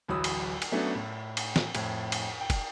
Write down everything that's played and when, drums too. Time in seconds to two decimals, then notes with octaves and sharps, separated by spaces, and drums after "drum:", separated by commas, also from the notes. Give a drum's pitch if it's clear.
0.08 D1 A1 F#3 B5 D#6 E6
0.24 drum: cymbal
0.62 drum: cymbal
0.72 F#3 A3 B3 C#4 D4
0.95 A2
1.37 drum: cymbal
1.56 drum: snare
1.75 F2 A2, drum: cymbal
2.12 drum: cymbal
2.41 G5
2.50 drum: kick, cymbal